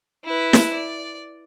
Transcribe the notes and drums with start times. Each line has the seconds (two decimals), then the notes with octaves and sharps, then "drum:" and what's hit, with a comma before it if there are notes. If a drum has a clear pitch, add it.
0.24 E4 B4
0.53 drum: snare
0.74 D5